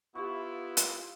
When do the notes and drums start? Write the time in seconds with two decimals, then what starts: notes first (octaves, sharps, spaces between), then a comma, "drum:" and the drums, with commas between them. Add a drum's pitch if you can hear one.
0.15 B3 E4 F4 G4 B5 C#6
0.77 drum: hi-hat